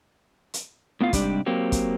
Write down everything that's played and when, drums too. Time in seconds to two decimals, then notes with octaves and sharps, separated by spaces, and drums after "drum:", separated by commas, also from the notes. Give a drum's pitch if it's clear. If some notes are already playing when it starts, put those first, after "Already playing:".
0.54 drum: hi-hat
1.01 A2 B3 F4 F5
1.13 G#2 C3 G3 D4 G4 D5, drum: kick, hi-hat
1.46 F#3 A#3 C4 G4
1.72 drum: kick, hi-hat